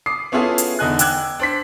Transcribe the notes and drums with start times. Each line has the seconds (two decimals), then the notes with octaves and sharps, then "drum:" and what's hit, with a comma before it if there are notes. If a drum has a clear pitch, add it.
0.06 D6 D#6 C7
0.32 B3 C#4 E4 F4 G#4 A4
0.58 drum: hi-hat
0.79 E2 D3 D#4 G#5 F#6
0.99 G5 D6 E6 F#6 G#6, drum: hi-hat
1.39 D4 C5 B6